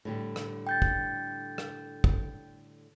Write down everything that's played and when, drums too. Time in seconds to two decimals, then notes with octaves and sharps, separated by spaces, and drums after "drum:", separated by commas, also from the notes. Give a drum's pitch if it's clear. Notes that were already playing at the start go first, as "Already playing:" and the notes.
0.05 A2 D3 G3
0.36 drum: rim click
0.67 G5 G6 A6
0.82 drum: kick
1.58 drum: rim click
2.04 drum: kick